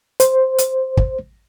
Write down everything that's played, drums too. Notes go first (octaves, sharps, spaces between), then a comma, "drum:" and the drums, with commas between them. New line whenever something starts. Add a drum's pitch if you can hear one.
C5, drum: hi-hat
drum: hi-hat
drum: kick